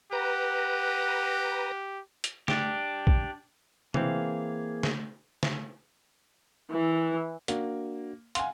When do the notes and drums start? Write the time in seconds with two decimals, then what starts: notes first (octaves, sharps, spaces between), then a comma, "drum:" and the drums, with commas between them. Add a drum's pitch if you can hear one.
0.13 G4 B4 F#5 A#5
2.24 drum: hi-hat
2.48 D4 G4, drum: snare
3.07 drum: kick
3.94 E3 A#3 C4 G#4 F5, drum: tom
4.83 drum: snare
5.43 drum: snare
6.71 E3
7.48 A#3 D4 F#4, drum: hi-hat
8.35 F5 F#5 G#5 C6, drum: hi-hat